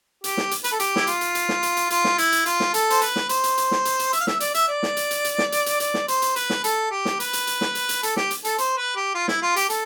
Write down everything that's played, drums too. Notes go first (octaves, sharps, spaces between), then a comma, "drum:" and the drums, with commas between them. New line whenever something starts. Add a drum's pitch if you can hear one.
G4, drum: hi-hat
drum: snare
drum: hi-hat
B4, drum: hi-hat
A4
G4, drum: hi-hat
E4, drum: snare
F4, drum: hi-hat
drum: hi-hat
drum: hi-hat
drum: snare
drum: hi-hat
drum: hi-hat
F4, drum: hi-hat
drum: snare
E4, drum: hi-hat
drum: hi-hat
F4, drum: hi-hat
drum: snare
A4, drum: hi-hat
C5, drum: hi-hat
B4, drum: hi-hat
drum: snare
C5, drum: hi-hat
drum: hi-hat
drum: hi-hat
drum: snare
drum: hi-hat
drum: hi-hat
E5, drum: hi-hat
F5
E5, drum: snare
D5, drum: hi-hat
E5, drum: hi-hat
D5
drum: snare
drum: hi-hat
drum: hi-hat
drum: hi-hat
drum: snare
drum: hi-hat
drum: hi-hat
D5, drum: hi-hat
drum: snare
C5, drum: hi-hat
drum: hi-hat
B4, drum: hi-hat
drum: snare
A4, drum: hi-hat
G4
drum: snare
B4, drum: hi-hat
drum: hi-hat
drum: hi-hat
drum: snare
drum: hi-hat
drum: hi-hat
A4, drum: hi-hat
G4, drum: snare
drum: hi-hat
A4, drum: hi-hat
C5, drum: hi-hat
B4
G4
F4
E4, drum: snare
F4
G4, drum: hi-hat
A4, drum: hi-hat